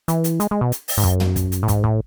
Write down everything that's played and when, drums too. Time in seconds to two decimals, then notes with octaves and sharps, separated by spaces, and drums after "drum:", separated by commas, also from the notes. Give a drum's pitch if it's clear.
0.08 E3, drum: hi-hat
0.24 drum: hi-hat
0.40 G#3, drum: hi-hat
0.51 G#3
0.61 B2
0.72 drum: hi-hat
0.88 drum: open hi-hat
0.97 G#2
1.04 F#2, drum: kick
1.20 drum: tom
1.36 drum: kick, hi-hat
1.52 drum: hi-hat
1.63 A2
1.68 G#2, drum: kick, hi-hat
1.84 A2, drum: kick